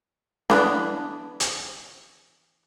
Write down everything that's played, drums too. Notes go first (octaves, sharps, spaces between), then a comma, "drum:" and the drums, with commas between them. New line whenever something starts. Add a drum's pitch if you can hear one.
E3 B3 D4, drum: snare
drum: hi-hat